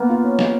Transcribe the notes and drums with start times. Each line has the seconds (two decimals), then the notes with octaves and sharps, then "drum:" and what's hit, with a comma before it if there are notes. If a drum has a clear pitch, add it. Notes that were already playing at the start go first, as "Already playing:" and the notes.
Already playing: A#3 B3
0.09 F4
0.24 C#4
0.39 F4, drum: snare